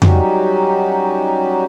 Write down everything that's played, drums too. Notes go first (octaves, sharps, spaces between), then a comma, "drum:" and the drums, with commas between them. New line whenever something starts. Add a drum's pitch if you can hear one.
F#3 G3 C#4 D#4 F#4 G4, drum: tom F2